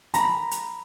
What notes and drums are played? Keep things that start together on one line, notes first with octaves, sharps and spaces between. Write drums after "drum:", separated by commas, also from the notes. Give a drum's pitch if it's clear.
A#5 B5, drum: hi-hat
drum: hi-hat